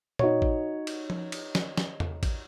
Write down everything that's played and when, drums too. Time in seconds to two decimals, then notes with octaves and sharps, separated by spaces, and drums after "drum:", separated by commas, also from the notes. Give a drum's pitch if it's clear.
0.19 D#4 F#4 C#5, drum: tom A#2
0.42 drum: kick A1
0.87 drum: cymbal
1.10 drum: tom F3
1.32 drum: cymbal
1.55 drum: snare
1.78 drum: snare
2.00 drum: tom E2
2.23 drum: kick A1, cymbal